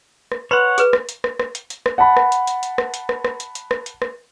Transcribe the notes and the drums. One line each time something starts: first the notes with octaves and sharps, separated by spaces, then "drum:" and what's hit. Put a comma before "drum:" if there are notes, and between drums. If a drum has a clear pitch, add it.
drum: rim click
B4 C#5 F#5 B5 C6
G#4 B4, drum: hi-hat
drum: rim click
drum: hi-hat
drum: rim click
drum: rim click
drum: hi-hat
drum: hi-hat
drum: rim click
F#5 A5 B5
drum: rim click
drum: hi-hat
drum: hi-hat
drum: hi-hat
drum: rim click
drum: hi-hat
drum: rim click
drum: rim click
drum: hi-hat
drum: hi-hat
drum: rim click
drum: hi-hat
drum: rim click